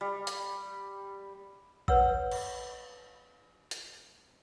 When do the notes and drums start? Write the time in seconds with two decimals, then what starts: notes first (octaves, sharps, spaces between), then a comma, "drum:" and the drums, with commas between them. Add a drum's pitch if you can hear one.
0.01 G3
0.27 drum: hi-hat
1.88 B4 C#5 F#5 E6, drum: kick A1
2.31 drum: cymbal
3.71 drum: hi-hat